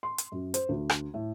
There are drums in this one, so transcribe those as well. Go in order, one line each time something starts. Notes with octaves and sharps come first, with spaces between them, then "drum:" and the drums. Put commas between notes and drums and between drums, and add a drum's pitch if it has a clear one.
C6
drum: hi-hat
F#2
C5, drum: hi-hat
D2
drum: rim click
A2